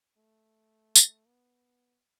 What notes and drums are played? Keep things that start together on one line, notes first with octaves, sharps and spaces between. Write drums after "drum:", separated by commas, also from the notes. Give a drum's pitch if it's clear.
A3
drum: tambourine
B3